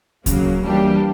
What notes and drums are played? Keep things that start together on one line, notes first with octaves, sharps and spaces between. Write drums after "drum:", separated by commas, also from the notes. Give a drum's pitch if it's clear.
C#3 F#3 A#3, drum: kick D2, hi-hat
E3 G3 A#3 D4 G4